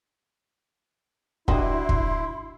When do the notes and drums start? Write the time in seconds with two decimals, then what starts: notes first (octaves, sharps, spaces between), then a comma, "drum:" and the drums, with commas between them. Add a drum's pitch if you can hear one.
1.48 D4 E4 F#4 G4 B4 D#5 C6, drum: kick
1.89 drum: kick